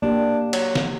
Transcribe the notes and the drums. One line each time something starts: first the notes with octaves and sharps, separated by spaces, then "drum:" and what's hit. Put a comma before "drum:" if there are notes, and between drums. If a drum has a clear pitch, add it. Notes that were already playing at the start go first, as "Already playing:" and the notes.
A#3 D4 G4
F#3, drum: cymbal
drum: snare